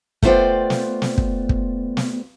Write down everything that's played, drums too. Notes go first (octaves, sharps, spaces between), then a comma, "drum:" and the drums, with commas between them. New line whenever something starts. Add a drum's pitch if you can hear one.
A3 B3 F4 C5 D5 G5, drum: kick
drum: snare
drum: snare
drum: kick
drum: kick
drum: snare